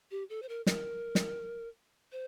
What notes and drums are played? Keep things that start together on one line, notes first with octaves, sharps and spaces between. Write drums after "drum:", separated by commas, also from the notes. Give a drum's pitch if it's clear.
G4
A4
C5
A#4
A#4, drum: snare
drum: snare
C5